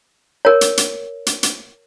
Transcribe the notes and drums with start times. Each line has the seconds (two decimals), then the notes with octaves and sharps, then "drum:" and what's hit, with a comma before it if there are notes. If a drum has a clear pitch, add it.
0.45 A#4 C#5
0.61 drum: hi-hat
0.77 drum: hi-hat
1.26 drum: hi-hat
1.43 drum: hi-hat